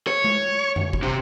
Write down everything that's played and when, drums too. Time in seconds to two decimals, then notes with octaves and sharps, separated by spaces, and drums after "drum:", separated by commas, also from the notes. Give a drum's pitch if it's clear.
0.07 C#5
0.24 drum: tom G#3
0.76 drum: tom F2
0.93 drum: kick
1.03 C3